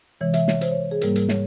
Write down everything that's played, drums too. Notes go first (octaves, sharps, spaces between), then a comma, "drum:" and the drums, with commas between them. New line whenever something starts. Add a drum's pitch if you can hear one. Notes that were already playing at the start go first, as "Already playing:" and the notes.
C3 E3 G#3 C#5
E5, drum: hi-hat
C#5, drum: snare
C5, drum: hi-hat
C#5
G#4
G#2 G3 A#3 A#4, drum: hi-hat
A#4, drum: hi-hat
C#5, drum: snare